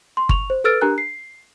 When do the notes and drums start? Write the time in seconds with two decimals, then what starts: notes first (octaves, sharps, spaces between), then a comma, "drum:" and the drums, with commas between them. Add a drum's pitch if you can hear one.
0.17 C6
0.29 C#6 F7, drum: kick G1
0.50 C5
0.64 A4 B4 E6 F6 A6 D7
0.81 D4 G4 A#4 G#5 A#5 F#6
0.98 C7